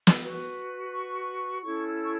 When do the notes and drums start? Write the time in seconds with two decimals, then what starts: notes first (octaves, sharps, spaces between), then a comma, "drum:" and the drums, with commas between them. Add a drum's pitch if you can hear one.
0.07 drum: snare
0.19 F#4 B4
0.90 C#6
1.62 C#4 E4 A4 C#5 C#6
1.86 E6
2.04 C#6